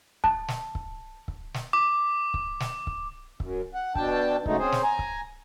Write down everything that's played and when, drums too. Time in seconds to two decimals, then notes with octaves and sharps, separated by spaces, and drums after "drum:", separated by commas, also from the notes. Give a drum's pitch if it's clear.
0.24 A5, drum: kick C#1
0.48 drum: snare
0.75 drum: kick C#1
1.28 drum: kick C#1
1.54 drum: snare
1.73 D6
2.34 drum: kick C#1
2.60 drum: snare
2.87 drum: kick C#1
3.40 F#2, drum: kick C#1
3.75 F#5
3.95 B2 D4 G5 A5, drum: kick C#1
4.46 C#3 F#3 G#3 A3 D#4, drum: kick C#1
4.59 C4 C#4 G#4 C5
4.72 drum: snare
4.83 G#5 A#5
4.99 drum: kick C#1